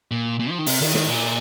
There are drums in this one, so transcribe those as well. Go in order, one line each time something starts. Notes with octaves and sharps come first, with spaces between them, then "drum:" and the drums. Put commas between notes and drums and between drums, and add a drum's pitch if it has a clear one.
A#2
A#2
F3
D#3
C3, drum: open hi-hat
D#3, drum: cymbal
D#3, drum: snare
G#2
A#2